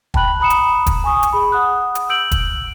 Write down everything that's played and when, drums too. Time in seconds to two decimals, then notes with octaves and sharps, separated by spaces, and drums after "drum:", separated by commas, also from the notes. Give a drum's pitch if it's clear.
0.14 G5 A5 B5 F#6 F#7, drum: kick
0.40 A#5 B5 D#6 C#7 E7
0.50 drum: hi-hat
0.86 drum: kick, hi-hat
1.04 G#5 C#6 D#6
1.23 drum: hi-hat
1.33 G#4 B5
1.52 F#5 D#6 F#6
1.95 drum: hi-hat
2.09 E6 G6 D7 F#7
2.31 drum: kick, hi-hat